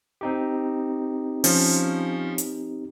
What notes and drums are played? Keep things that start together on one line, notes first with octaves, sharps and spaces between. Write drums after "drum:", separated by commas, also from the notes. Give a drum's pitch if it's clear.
C4 D#4 G4
F3 C#4, drum: open hi-hat
drum: hi-hat